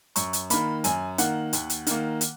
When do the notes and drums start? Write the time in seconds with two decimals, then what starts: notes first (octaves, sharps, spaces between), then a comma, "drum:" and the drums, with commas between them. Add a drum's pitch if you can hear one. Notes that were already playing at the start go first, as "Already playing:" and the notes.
0.16 F#2 C#6, drum: hi-hat
0.33 drum: hi-hat
0.50 D#3 A#3 B5, drum: hi-hat
0.84 F#2 G#5, drum: hi-hat
1.18 D#3 A#3 F#5, drum: hi-hat
1.53 D#2, drum: hi-hat
1.70 drum: hi-hat
1.87 D#3 A#3, drum: hi-hat
2.21 drum: hi-hat